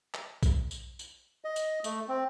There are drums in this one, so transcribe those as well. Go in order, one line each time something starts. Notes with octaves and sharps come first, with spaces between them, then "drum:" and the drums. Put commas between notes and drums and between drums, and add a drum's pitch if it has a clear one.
drum: clap
drum: kick A#1, tambourine
drum: tambourine
drum: tambourine
D#5
drum: tambourine
A3, drum: tambourine
C4